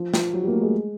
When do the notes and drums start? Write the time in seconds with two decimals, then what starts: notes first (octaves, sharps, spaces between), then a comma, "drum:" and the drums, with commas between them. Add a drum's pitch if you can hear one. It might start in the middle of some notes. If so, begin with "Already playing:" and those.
Already playing: F3
0.14 F3, drum: snare
0.33 F#3
0.42 G3
0.48 A#3
0.53 A3
0.62 G#3